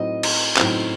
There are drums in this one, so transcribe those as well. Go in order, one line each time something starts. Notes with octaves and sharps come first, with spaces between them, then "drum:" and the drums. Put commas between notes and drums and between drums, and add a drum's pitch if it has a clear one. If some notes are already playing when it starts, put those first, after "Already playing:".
Already playing: A2 F#3 C4 D#4 D#5
drum: cymbal
A2 F#3 C4 D#4, drum: clap